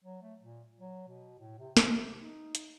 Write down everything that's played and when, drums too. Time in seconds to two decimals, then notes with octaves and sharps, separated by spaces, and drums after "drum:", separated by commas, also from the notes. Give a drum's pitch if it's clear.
0.04 F#3
0.22 A3
0.41 A#2
0.79 F#3
1.08 B2
1.39 A2
1.58 C3
1.77 F3, drum: snare
1.93 C3
2.18 D#4
2.55 drum: hi-hat